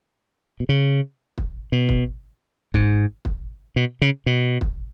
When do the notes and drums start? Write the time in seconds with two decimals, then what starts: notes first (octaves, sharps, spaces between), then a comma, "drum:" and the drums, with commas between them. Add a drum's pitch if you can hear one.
0.60 B2
0.69 C#3
1.38 drum: kick
1.72 B2
1.89 drum: kick
2.74 G#2, drum: kick
3.25 drum: kick
3.76 B2
4.02 C#3
4.26 B2
4.61 drum: kick